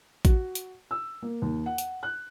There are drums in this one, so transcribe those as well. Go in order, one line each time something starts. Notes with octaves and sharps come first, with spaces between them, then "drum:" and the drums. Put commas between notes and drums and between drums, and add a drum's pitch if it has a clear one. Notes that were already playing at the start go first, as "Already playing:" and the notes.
F#4, drum: kick A1, hi-hat
drum: hi-hat
E6
A#3
D#2
F#5
drum: hi-hat
F#6